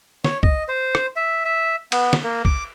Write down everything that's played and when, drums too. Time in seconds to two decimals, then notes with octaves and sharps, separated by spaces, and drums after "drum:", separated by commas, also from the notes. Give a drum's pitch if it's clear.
0.24 C#5, drum: snare
0.43 D#5, drum: kick
0.68 C5
0.95 drum: rim click
1.16 E5
1.45 E5
1.92 B3, drum: cymbal
2.13 drum: snare
2.23 A#3
2.45 D6, drum: kick